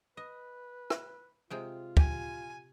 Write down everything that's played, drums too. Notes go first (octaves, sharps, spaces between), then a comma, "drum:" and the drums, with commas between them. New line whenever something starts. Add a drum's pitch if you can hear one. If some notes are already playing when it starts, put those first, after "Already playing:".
B4 D#5
drum: rim click
C3 G#3 F4 G5
G4 G#5, drum: kick